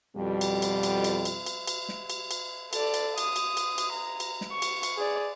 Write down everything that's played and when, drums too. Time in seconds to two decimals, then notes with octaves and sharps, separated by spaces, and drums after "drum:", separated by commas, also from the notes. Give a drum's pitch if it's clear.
0.16 F2 B2 G3
0.41 drum: cymbal
0.62 drum: cymbal
0.83 drum: cymbal
1.04 drum: cymbal
1.25 drum: cymbal
1.46 drum: cymbal
1.67 drum: cymbal
1.89 drum: snare
2.10 drum: cymbal
2.31 drum: cymbal
2.73 A4 D5, drum: cymbal
2.94 drum: cymbal
3.18 D#6, drum: cymbal
3.36 drum: cymbal
3.57 drum: cymbal
3.78 drum: cymbal
3.92 A#5
4.20 drum: cymbal
4.41 drum: snare
4.53 C#6
4.62 drum: cymbal
4.83 drum: cymbal
4.97 G#4 D5